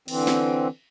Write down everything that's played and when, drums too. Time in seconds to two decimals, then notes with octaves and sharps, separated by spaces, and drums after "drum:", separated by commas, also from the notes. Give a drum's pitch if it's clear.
0.08 D3 E3 C4, drum: cymbal
0.27 drum: snare